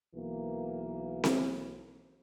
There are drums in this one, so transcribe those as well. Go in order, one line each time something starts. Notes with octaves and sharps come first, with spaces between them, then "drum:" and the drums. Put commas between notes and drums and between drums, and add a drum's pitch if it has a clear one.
B1 E3 A#3
drum: snare C4